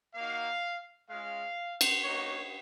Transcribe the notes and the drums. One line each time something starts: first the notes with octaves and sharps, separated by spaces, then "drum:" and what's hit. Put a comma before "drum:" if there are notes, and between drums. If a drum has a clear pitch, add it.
A#3 D#4 F#4 F5
G#3 C#4 F4 F5
drum: cymbal
A#3 D#4 F#4 C#5